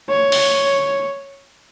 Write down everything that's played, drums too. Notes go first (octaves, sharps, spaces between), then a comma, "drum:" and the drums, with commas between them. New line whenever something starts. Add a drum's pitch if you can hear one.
C#5
drum: open hi-hat